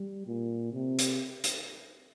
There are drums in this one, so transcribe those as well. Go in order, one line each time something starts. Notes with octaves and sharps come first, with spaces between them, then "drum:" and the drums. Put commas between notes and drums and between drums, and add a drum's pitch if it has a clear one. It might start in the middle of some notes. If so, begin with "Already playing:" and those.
Already playing: G3
A#2
C3
drum: hi-hat
drum: hi-hat